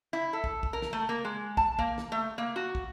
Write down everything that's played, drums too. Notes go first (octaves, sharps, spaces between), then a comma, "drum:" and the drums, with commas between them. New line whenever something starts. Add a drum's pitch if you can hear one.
E4
A4
drum: kick
drum: kick
A#4
drum: snare
A3
A#3
G#3
A5, drum: kick
A#3, drum: kick
drum: snare
A3
A#3
F#4
drum: kick